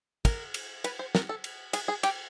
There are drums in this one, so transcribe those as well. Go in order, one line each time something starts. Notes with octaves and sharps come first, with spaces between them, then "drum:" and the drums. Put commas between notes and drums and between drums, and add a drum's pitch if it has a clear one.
A#4, drum: kick, cymbal
drum: cymbal
B4, drum: cymbal
C5
A#4, drum: snare
A4
drum: cymbal
G#4, drum: cymbal
G#4
G4, drum: cymbal